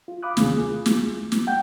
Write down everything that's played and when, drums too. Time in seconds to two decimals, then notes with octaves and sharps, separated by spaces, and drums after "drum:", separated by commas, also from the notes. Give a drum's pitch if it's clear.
0.08 F4
0.23 F5 B5 D6 D#6 F#6
0.37 D#2 C3 D#3 A#3 C#4 G#4, drum: snare
0.58 F4 G#4
0.86 drum: snare
1.32 drum: snare
1.47 F#5 G5 G6